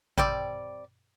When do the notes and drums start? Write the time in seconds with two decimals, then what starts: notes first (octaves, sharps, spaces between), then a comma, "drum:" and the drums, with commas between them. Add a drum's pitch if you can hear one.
0.18 G3 C4 D5, drum: kick A1